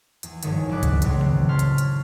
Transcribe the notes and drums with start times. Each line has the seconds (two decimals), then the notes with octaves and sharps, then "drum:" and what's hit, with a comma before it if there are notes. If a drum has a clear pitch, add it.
0.23 E2, drum: hi-hat
0.43 G#1 G2 D#3 F3 G#4 C#5, drum: hi-hat
0.69 F#1 F#2 G#3 D6 F#6 B6
0.83 drum: kick B1, hi-hat
1.02 C#2 A2 C#3 A3 B3 C4, drum: hi-hat
1.21 drum: tom D3
1.49 C#5 A5 C6 F6 B6
1.59 drum: hi-hat
1.78 drum: hi-hat